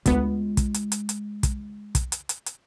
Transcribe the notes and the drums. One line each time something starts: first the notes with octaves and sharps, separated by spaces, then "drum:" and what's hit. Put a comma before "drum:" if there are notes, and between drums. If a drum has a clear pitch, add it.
D2 G#3 B3 F4, drum: kick, hi-hat
drum: kick, hi-hat
drum: hi-hat
drum: hi-hat
drum: hi-hat
drum: kick, hi-hat
drum: kick, hi-hat
drum: hi-hat
drum: hi-hat
drum: hi-hat